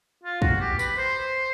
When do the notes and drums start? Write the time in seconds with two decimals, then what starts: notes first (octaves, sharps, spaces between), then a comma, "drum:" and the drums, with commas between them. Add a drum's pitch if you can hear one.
0.24 F4
0.42 F#4, drum: kick
0.61 G4
0.79 B4, drum: tambourine
0.97 C5